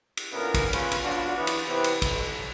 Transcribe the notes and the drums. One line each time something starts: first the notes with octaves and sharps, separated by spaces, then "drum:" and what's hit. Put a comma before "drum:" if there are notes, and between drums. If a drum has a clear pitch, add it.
drum: cymbal
A#2 D3 B3 C#4 E4 A#4
drum: kick, cymbal
B3 C#4 F4 G#4 B4, drum: cymbal
drum: cymbal
F#3 D4 F4 F#4
E3 B3
drum: cymbal
C3 E3 B3 C4 E4 B4
drum: cymbal
B1, drum: kick, cymbal